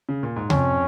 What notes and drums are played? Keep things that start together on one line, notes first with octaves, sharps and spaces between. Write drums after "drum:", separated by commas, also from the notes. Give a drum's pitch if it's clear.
C#3
A#2
G#2
F2 C#4, drum: tom C3